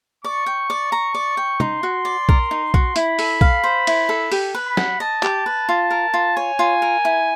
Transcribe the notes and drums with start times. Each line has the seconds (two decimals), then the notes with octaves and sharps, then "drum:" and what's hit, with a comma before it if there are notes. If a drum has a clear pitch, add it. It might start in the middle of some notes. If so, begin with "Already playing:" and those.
0.24 D5 C#6
0.46 G5
0.70 D5
0.92 A#5
1.14 D5
1.37 G5
1.60 D#4 C6, drum: tom
1.83 F#4
2.05 D5
2.29 A#4, drum: kick B1
2.51 D#4
2.74 F#4, drum: kick B1
2.96 E4 B5, drum: hi-hat
3.19 A4, drum: open hi-hat
3.41 F5, drum: kick B1
3.64 C5
3.87 E4, drum: cymbal
4.09 A4
4.32 G4, drum: open hi-hat
4.55 B4
4.66 B5
4.77 F#5, drum: snare
5.00 D#5 A5
5.23 G4, drum: clap
5.46 B4
5.69 F4
5.91 A#4
6.14 F4
6.36 C#5 G#5
6.59 F4
6.82 A#4
7.05 E4